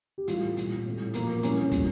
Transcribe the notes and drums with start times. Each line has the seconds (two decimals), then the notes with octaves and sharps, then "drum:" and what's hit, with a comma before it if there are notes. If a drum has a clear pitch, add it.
0.18 G4
0.27 A2 E3 G3 F4, drum: hi-hat
0.57 A#2 G3, drum: hi-hat
0.85 A2 G3
1.13 A#2 F3 A#3, drum: hi-hat
1.38 A#3
1.43 A2 E3 G3 C#4, drum: hi-hat
1.71 A#2 G3, drum: kick, hi-hat